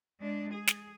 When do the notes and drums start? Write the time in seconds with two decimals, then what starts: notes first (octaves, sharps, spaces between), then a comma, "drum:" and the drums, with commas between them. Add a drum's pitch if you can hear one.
0.20 G#3 D4
0.53 G#4
0.68 drum: snare